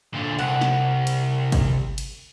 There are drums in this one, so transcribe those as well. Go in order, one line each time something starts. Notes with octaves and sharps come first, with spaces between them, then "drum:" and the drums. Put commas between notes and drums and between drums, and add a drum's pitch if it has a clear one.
A#2 D3
C2 F#5
drum: snare
drum: cymbal
drum: kick, cymbal
drum: cymbal